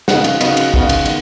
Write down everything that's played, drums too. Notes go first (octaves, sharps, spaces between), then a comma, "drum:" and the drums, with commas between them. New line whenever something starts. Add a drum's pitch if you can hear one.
C#3 B3 D#4 F#5, drum: snare
drum: cymbal
C#3 F#3 B3 D#4, drum: cymbal
drum: cymbal
C#3 B3 D#4, drum: kick
drum: cymbal
D#3, drum: cymbal